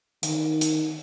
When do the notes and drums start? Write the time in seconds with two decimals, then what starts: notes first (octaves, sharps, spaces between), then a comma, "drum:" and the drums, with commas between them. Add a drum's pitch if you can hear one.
0.23 D#3, drum: hi-hat
0.61 drum: hi-hat